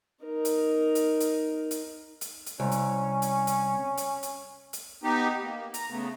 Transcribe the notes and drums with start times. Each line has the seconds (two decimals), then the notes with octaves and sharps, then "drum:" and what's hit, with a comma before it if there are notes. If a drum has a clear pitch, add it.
0.25 D#4 A#4
0.45 drum: hi-hat
0.95 drum: hi-hat
1.20 drum: hi-hat
1.71 drum: hi-hat
2.21 drum: hi-hat
2.46 drum: hi-hat
2.60 C2 C#4
2.71 drum: hi-hat
3.22 drum: hi-hat
3.47 drum: hi-hat
3.97 drum: hi-hat
4.23 drum: hi-hat
4.73 drum: hi-hat
5.04 B3 D#4 G4
5.41 A#3
5.74 A#5, drum: hi-hat
5.90 C#3 A3 B3